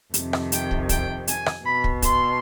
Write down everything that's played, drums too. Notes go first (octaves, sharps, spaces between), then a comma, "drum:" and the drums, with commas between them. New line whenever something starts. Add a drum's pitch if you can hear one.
F2 C3 D#3, drum: hi-hat
drum: rim click
G5, drum: hi-hat
drum: kick
G5, drum: kick, hi-hat
G#5, drum: hi-hat
drum: rim click
B2 B5
drum: kick
C6, drum: kick, hi-hat